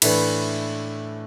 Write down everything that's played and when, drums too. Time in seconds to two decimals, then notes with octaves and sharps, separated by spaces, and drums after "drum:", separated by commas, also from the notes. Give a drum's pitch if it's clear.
0.02 A2 E3 A3 D4 B4, drum: cymbal